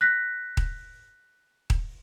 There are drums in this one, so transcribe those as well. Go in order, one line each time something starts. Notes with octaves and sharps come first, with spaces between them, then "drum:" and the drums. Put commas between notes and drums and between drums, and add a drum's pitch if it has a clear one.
F#6 A#6 B6
drum: kick D#1
drum: kick D#1